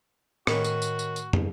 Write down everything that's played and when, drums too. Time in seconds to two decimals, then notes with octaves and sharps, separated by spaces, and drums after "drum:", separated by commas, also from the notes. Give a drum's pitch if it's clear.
0.47 A2 D#3 C#4 F#4 B4, drum: rim click
0.64 drum: tambourine
0.82 drum: tambourine
0.99 drum: tambourine
1.16 drum: tambourine
1.33 drum: tom